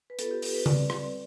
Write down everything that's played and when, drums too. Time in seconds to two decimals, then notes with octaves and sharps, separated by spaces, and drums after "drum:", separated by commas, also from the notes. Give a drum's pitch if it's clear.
0.10 B4
0.19 B3 F4 A4, drum: hi-hat
0.31 G4
0.42 A4, drum: open hi-hat
0.55 B4
0.66 G3 C4 D5, drum: tom C#3
0.90 drum: rim click